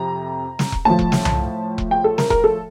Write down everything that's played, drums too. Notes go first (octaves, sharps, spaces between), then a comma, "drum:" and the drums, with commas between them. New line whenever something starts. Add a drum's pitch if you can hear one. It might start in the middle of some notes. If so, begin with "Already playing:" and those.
Already playing: F2 C3 A#5
drum: snare
drum: kick E1
A2 F3 A5
drum: kick E1
drum: snare
drum: tom C2
drum: kick E1
G5
A4
A#4, drum: snare
A#4, drum: kick E1
A4